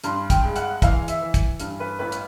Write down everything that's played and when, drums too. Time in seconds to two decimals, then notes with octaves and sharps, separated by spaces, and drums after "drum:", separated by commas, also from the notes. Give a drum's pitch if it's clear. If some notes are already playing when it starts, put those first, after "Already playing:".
0.04 G2 C6, drum: hi-hat
0.30 G5, drum: kick, hi-hat
0.43 G#3
0.56 F#5, drum: hi-hat
0.82 E3 F5, drum: kick, hi-hat
1.08 E5, drum: hi-hat
1.21 E3
1.34 drum: kick, hi-hat
1.60 G2, drum: hi-hat
1.80 B4
1.99 A1 B4
2.12 drum: hi-hat